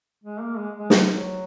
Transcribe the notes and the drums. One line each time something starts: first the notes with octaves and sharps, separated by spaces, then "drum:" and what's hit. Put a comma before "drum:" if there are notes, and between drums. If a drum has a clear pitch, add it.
G#3
A#3
G#3
G#3
drum: snare
F#3